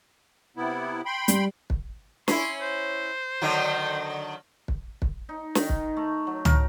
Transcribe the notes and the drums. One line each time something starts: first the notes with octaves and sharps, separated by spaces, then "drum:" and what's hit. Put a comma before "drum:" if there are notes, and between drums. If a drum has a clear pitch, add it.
C3 B3 E4
G5 B5 C6
G3, drum: hi-hat
drum: kick
C#4 E4 C6, drum: snare
C5
D3 D#3 F#3
drum: kick
drum: kick
D#4
D#3, drum: snare
drum: kick
A3
F#3
A#4, drum: tom